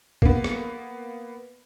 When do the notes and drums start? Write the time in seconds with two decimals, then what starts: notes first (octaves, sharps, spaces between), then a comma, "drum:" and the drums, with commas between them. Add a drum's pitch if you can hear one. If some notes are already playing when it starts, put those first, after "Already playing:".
0.22 A#3 B3, drum: kick
0.44 drum: rim click